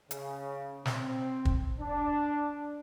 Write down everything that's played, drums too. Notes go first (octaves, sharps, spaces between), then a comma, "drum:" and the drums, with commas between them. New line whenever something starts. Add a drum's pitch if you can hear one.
C#3, drum: hi-hat
C4, drum: snare
drum: kick
D4